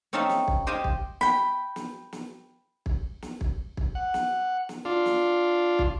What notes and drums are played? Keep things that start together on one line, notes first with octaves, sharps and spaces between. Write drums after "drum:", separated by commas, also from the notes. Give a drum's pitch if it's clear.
C4 C#4 D#4 A4 E5 F5
drum: snare
drum: kick
G4 C5 D#5 F5 G5 G#5
drum: kick
G5 B5, drum: snare
drum: snare
drum: snare
drum: kick
drum: snare
drum: kick
drum: kick
F#5
drum: snare
drum: snare
D4 F4
drum: snare
drum: kick